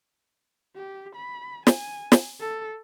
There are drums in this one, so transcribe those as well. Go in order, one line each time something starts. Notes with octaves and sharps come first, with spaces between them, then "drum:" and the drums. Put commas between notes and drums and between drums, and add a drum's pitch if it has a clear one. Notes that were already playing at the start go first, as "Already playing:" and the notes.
G4
B5
G#5, drum: snare
drum: snare
A4